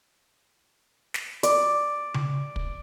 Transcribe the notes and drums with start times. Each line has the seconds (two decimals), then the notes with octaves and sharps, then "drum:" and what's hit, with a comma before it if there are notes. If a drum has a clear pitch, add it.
1.14 drum: snare
1.43 D5, drum: hi-hat
2.14 drum: tom C#3
2.56 drum: kick